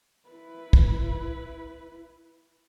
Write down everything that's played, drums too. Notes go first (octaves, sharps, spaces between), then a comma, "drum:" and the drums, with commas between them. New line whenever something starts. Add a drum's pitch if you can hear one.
E4 B4
drum: kick